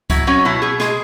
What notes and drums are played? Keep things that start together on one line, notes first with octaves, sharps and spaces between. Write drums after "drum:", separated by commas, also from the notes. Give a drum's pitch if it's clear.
F#3 E4, drum: kick, tambourine
F#3 C#4
B2 E4
B2 G#4
G#3 G#4, drum: snare